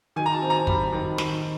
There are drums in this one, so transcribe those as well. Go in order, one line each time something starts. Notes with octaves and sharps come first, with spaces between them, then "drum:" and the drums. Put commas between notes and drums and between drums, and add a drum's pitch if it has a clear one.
D#3 G#5
A#5
A5
C4
A#5
G3 B5, drum: kick
D#3
D#3, drum: snare